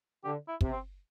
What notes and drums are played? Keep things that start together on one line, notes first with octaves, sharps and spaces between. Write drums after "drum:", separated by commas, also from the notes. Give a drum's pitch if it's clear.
D3 G4
E4
C3, drum: kick
C4